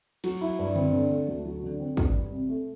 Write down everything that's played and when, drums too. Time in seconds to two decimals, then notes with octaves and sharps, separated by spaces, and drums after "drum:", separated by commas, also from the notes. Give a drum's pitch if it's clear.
0.24 F#3, drum: cymbal
0.41 E4
0.59 G2
0.76 C4, drum: tom D3
0.93 D3
1.10 A3
1.28 D2
1.45 F#3
1.63 D3
1.80 C4
1.97 G2, drum: kick
2.15 G3
2.32 C3
2.49 A3